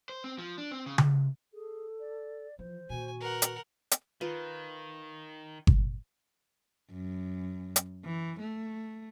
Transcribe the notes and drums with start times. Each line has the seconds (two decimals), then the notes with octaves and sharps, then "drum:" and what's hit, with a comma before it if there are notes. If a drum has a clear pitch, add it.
0.09 C5
0.24 C4
0.38 F3
0.58 D4
0.71 C4
0.86 C#3
0.98 drum: tom C#3
1.53 G#4 A4
2.00 D5
2.59 E3 F3 C5
2.90 A#2 D#3 F#4 G#5
3.20 A#4 B4 F#5
3.42 drum: hi-hat
3.91 drum: hi-hat
4.21 D#3 F4 B4
5.67 drum: kick G1
6.92 F#2
7.76 drum: hi-hat
8.04 E3
8.40 A3